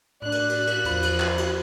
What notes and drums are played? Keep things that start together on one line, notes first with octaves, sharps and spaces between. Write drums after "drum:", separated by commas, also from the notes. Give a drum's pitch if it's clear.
A2 D4 F#6
drum: cymbal
drum: cymbal
drum: cymbal
E2 F3 B5, drum: cymbal
drum: cymbal
drum: clap
drum: cymbal